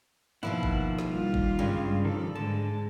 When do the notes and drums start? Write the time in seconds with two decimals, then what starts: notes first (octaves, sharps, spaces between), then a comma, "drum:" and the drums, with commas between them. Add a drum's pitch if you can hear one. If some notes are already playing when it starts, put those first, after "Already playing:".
0.43 B2 D#3 F3 A#3 E4 F#5
0.63 drum: kick G1
0.98 drum: snare
1.10 G3 F4
1.34 drum: kick G1
1.59 G2 C#3 G#3
2.05 D#3 F3 G3 A4
2.35 G#2 D3 G#3 A5